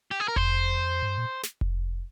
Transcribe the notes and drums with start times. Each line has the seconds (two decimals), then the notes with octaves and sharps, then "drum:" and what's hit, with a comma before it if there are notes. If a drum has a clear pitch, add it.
0.11 G4
0.20 G#4
0.28 A#4
0.36 F2 C5, drum: kick F1
1.02 G#2
1.08 G2
1.18 A#2
1.43 drum: snare
1.61 drum: kick F1